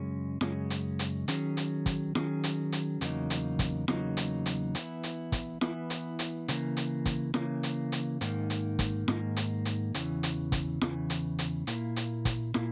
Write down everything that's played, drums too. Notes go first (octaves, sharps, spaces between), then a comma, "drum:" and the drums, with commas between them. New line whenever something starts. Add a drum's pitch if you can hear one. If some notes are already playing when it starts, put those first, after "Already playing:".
Already playing: F#2 C#3 G#3 C#4
F#2 C#3 G#3 C#4, drum: snare
drum: hi-hat
drum: hi-hat
D#3 F#3 C#4 G#4, drum: hi-hat
drum: hi-hat
drum: kick, hi-hat
D#3 F#3 C#4 G#4, drum: snare
drum: hi-hat
drum: hi-hat
E2 C#3 F#3 A#3 D#4, drum: hi-hat
drum: hi-hat
drum: kick, hi-hat
E2 C#3 F#3 A#3 D#4, drum: snare
drum: hi-hat
drum: hi-hat
E3 B3 E4, drum: hi-hat
drum: hi-hat
drum: kick, hi-hat
E3 B3 E4, drum: snare
drum: hi-hat
drum: hi-hat
C#3 E3 A#3, drum: hi-hat
drum: hi-hat
drum: kick, hi-hat
C#3 E3 A#3, drum: snare
drum: hi-hat
drum: hi-hat
G#2 D#3 A#3, drum: hi-hat
drum: hi-hat
drum: kick, hi-hat
G#2 D#3 A#3, drum: snare
drum: hi-hat
drum: hi-hat
E2 C#3 E3, drum: hi-hat
drum: hi-hat
drum: kick, hi-hat
E2 C#3 E3, drum: snare
drum: hi-hat
drum: hi-hat
A#2 A#3 E4, drum: hi-hat
drum: hi-hat
drum: kick, hi-hat
A#2 A#3 E4, drum: snare